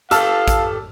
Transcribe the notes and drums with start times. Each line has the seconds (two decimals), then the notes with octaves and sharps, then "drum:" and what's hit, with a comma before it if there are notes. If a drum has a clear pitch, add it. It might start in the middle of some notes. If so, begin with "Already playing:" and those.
0.11 G4 A4 F5 A5 E6 F6, drum: hi-hat
0.48 drum: kick, hi-hat